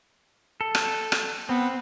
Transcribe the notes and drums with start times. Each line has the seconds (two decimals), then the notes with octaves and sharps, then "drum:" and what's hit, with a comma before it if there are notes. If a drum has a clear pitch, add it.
0.61 A4
0.75 drum: rim click
1.12 drum: rim click
1.49 B3 C4